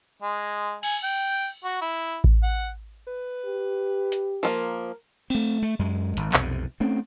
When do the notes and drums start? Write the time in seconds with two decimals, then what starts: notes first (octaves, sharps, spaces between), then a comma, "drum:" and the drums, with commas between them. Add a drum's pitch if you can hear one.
0.22 G#3
0.83 G#5, drum: cymbal
1.03 G5
1.64 F#4
1.81 E4
2.24 drum: kick A1
2.43 F#5
3.07 B4
3.45 G4
4.12 drum: hi-hat
4.43 F3 G#3 A#3 A#4
5.30 A3 C4, drum: cymbal
5.62 A3
5.79 F#2 G#3
6.17 G#1, drum: hi-hat
6.34 B1 F2 C3, drum: clap
6.80 A3 C4 C#4